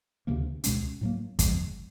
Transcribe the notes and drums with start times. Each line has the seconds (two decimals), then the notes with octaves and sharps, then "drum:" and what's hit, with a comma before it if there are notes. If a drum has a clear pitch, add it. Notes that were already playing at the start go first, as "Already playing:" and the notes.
0.27 D2 C3 F3 A#3
0.64 C#2 B2 G#3 C#4, drum: hi-hat
1.01 A2 F#3 A#3
1.39 E2 C#3 F3 G#3, drum: kick, hi-hat